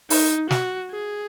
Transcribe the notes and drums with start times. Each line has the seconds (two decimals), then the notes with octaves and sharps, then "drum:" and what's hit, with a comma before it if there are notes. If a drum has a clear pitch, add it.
0.10 D#4, drum: open hi-hat
0.51 F#4, drum: snare
0.91 G#4